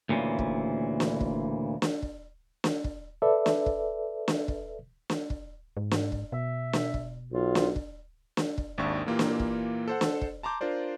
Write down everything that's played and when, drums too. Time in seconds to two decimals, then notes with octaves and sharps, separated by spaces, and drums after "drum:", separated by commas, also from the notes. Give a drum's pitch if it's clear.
0.09 D2 A#2 C#3 E3
0.39 drum: kick
1.00 drum: snare
1.21 drum: kick
1.82 drum: snare
2.02 drum: kick
2.64 drum: snare
2.84 drum: kick
3.22 A4 B4 D5 E5
3.46 drum: snare
3.66 drum: kick
4.28 drum: snare
4.48 drum: kick
5.10 drum: snare
5.30 drum: kick
5.77 G#2
5.91 drum: snare
6.12 drum: kick
6.32 B2 E5
6.73 drum: snare
6.94 drum: kick
7.33 B1 F4
7.55 drum: snare
7.76 drum: kick
8.37 drum: snare
8.58 drum: kick
8.78 G#1 D#2 D4 E5 C#6
9.06 A#2 E3 A#3 F4 G4
9.19 drum: snare
9.40 drum: kick
9.88 A4 C5 F#5
10.01 drum: snare
10.21 drum: kick
10.43 A5 A#5 C6 D6 G6
10.61 D4 F4 A#4 C5 D5